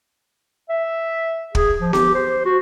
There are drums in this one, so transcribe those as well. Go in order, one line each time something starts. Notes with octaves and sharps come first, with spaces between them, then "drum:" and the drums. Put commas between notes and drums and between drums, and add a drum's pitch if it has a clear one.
E5
G#4, drum: kick
F3
G4, drum: snare B3
C5
F#4